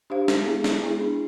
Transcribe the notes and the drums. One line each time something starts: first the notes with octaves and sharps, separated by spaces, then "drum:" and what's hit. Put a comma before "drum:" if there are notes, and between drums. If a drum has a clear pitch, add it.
D4 G4 C5 F5
G#3, drum: snare
B3 E4 G#4
G#3, drum: snare
B3 E4 G#4
D4